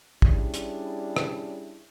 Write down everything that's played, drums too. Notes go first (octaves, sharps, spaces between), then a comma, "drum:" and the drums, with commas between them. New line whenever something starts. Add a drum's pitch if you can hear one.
G3 C#4 D4 E4 G#4, drum: kick
drum: hi-hat
drum: rim click